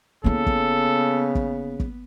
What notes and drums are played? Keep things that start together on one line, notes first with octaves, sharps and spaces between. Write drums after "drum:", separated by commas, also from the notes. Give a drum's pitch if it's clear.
C#3 A#3 B3 E4 A4
drum: kick
drum: kick
drum: kick